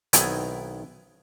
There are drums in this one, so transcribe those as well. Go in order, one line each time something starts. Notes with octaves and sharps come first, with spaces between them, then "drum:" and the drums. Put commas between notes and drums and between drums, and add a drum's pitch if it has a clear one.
B1 D#3 B3 C4 E4 G#5, drum: hi-hat